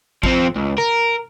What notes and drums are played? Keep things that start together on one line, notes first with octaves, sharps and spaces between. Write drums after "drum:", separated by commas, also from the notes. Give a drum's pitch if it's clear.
F3 C4, drum: kick
C#2
A#4